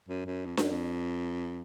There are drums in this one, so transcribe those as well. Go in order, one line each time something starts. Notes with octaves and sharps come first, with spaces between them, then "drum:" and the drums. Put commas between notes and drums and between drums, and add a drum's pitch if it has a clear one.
F#2
F#2
F2
F#2, drum: snare D4
F2